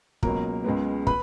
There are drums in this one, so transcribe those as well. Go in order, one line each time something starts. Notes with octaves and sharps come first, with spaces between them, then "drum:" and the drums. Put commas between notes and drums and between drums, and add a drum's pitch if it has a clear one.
C#2 B2 F#3 A#3 A#4 A#5, drum: kick
C#2 C#3 G#3 B3
B4 B5, drum: kick